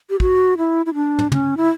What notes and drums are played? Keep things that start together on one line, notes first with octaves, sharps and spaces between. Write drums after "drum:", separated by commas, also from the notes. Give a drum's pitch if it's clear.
G4
F#4, drum: kick
E4
E4
D4
drum: tom
C#4, drum: tom
E4